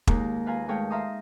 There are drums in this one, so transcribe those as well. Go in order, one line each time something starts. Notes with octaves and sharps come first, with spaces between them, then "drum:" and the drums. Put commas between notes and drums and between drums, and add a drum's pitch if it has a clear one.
D#2 G#3 A#3 A#4, drum: kick
F4 B4 F5 G#5 A#5
G#3 A3 C#5 F5 G5
E5 F5 A#5 C6 D#6